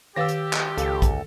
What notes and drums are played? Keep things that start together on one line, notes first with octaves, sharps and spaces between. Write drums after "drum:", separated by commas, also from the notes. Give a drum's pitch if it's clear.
D#3 G4 B4 F5 E6 A6 A#6
drum: hi-hat
drum: clap
C#2 A4 F5, drum: hi-hat
drum: kick, hi-hat